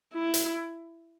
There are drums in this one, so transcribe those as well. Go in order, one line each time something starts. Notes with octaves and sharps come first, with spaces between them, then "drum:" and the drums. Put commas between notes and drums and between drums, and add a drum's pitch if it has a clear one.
E4
drum: hi-hat